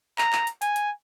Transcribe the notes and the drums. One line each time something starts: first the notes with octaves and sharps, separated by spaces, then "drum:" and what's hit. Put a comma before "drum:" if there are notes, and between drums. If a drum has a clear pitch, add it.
A#5, drum: clap
drum: clap
drum: hi-hat
G#5, drum: hi-hat
drum: hi-hat